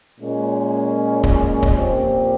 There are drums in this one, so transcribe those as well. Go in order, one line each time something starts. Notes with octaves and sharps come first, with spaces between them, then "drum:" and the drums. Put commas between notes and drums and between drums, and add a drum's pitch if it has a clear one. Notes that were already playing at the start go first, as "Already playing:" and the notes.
A#2 G#3 C#4
drum: kick
drum: kick
A#2 F3 C4 G4